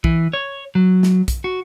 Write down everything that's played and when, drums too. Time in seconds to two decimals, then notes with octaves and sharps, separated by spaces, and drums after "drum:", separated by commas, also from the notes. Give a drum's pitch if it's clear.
0.04 E3, drum: kick
0.33 C#5
0.75 F#3
1.03 drum: snare
1.28 drum: kick, hi-hat
1.44 F#4